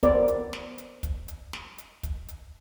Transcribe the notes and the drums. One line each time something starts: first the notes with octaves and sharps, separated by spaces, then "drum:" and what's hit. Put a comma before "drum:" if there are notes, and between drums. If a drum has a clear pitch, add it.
B3 A#4 C5 D5, drum: kick, hi-hat
drum: hi-hat
drum: snare
drum: hi-hat
drum: kick, hi-hat
drum: hi-hat
drum: snare
drum: hi-hat
drum: kick, hi-hat
drum: hi-hat